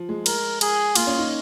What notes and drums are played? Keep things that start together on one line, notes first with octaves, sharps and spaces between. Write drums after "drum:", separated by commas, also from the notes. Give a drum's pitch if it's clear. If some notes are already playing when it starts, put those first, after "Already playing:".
Already playing: F3
G#3
A#4, drum: cymbal
G#4, drum: cymbal
A#3 F4, drum: cymbal
C#4
D#4